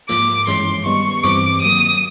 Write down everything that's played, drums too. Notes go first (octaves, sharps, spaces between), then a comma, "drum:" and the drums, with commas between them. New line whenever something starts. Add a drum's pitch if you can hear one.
G#2 F3 A#3 D6, drum: hi-hat
G2 E3 G#3 C#4 E4 C6, drum: hi-hat
D#3 G3 B3 D#4 C#6
G2 E3 G3 C4 D6, drum: hi-hat
D#3 F#3 A#3 D#6